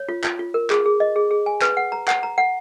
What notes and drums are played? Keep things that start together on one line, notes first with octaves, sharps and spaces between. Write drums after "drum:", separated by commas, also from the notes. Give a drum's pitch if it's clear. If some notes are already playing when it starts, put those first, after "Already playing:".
Already playing: C#5
F4
F4, drum: clap
F4
A#4
G#4, drum: clap
G#4
D#5
G#4
G#4
G#5
B4, drum: clap
F#5
A#5
F#5, drum: clap
A#5
F#5